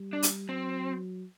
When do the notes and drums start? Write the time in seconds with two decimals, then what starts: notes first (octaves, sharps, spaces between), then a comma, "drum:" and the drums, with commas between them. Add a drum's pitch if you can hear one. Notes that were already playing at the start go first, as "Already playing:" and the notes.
Already playing: G3
0.13 D4
0.23 drum: hi-hat
0.49 F#3 C4